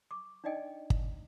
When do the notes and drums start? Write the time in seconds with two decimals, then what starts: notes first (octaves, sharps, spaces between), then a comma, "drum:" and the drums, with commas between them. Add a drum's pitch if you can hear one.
0.11 C#6 D6
0.44 D4 D#4 D5 D#5 G5 G#5
0.90 drum: kick